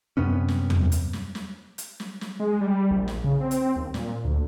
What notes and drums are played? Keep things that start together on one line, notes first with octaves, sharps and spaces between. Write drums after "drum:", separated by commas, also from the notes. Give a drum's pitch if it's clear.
F#2 C3 B3 C#4
drum: snare
drum: tom E2
drum: hi-hat
drum: snare
drum: snare
drum: hi-hat
drum: snare
drum: snare
G#3
G3
A#1
drum: snare
C#3
C4
drum: hi-hat
C4
D#2
A#2, drum: snare
D2